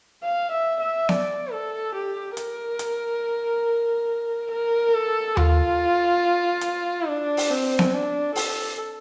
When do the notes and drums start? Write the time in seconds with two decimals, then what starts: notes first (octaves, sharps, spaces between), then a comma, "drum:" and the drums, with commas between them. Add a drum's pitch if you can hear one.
0.23 F5
0.51 E5
0.80 E5
1.09 D5, drum: snare B3
1.52 A4
1.94 G4
2.37 A#4, drum: hi-hat
2.79 drum: hi-hat
4.51 A#4
4.95 A4
5.37 F4, drum: tom D#2
6.61 drum: hi-hat
7.08 D4
7.37 drum: open hi-hat
7.50 C4
7.79 drum: snare B3
7.94 D4
8.36 A4, drum: open hi-hat